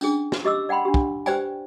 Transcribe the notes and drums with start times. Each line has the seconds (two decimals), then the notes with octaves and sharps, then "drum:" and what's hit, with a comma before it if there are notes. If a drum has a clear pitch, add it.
0.01 C#4 D4 G#4, drum: tambourine
0.32 drum: snare
0.45 G4 D#5 D6 E6
0.69 D5 F#5 G5 B5 C6
0.85 D4 G4
0.94 drum: kick
1.26 G4 B4 C5 D5 G5 G#5, drum: tambourine